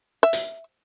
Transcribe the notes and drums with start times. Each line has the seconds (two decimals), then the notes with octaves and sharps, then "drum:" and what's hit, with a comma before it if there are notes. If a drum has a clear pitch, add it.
0.23 E5
0.33 drum: hi-hat